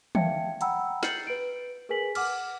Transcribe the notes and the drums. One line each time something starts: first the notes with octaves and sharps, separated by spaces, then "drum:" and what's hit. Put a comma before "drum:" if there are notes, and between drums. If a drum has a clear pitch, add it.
E5 F5 G5 A5 G#6 C#7, drum: tom
F#5 G5 A#5 B5 E6, drum: hi-hat
G6 A6 C7 C#7 F#7, drum: snare
B4 D7
G#4 A#4 B4 G#5 B6 F#7
F#5 D6 F6, drum: cymbal